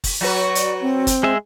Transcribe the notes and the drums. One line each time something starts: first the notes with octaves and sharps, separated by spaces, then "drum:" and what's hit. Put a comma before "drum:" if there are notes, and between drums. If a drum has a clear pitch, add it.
drum: kick, open hi-hat
F#3 F#4 B4
D5, drum: hi-hat
C4
drum: kick, hi-hat
G#3 G#4 E5